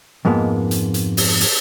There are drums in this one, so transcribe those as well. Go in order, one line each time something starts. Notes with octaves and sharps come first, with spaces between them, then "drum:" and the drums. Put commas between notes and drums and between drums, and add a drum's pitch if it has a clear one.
F2 G#2 G#3 A#3 B3
drum: hi-hat
drum: hi-hat
drum: open hi-hat
drum: open hi-hat